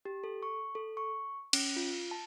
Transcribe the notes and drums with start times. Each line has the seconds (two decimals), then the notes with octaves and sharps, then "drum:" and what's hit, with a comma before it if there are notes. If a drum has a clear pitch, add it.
0.05 G4
0.24 A4
0.43 C#6
0.75 A4
0.97 C#6
1.53 C#4, drum: cymbal
1.76 F4
2.11 A5